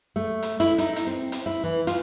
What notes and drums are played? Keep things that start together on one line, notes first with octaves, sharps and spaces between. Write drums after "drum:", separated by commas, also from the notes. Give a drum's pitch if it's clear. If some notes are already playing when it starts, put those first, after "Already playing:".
A3
drum: hi-hat
E4, drum: hi-hat
D#4, drum: hi-hat
drum: hi-hat
C4
drum: hi-hat
E4
E3
F4, drum: hi-hat